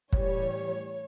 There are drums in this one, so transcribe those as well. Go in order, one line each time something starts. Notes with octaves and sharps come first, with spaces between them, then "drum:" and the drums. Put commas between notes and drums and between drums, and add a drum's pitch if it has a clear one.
A2 E3 G3 C#5, drum: kick